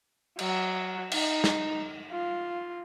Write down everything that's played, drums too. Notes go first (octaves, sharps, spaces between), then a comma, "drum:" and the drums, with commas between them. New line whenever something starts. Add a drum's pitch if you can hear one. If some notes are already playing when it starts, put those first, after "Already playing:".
F#3, drum: cymbal
D#4, drum: cymbal
drum: snare
F4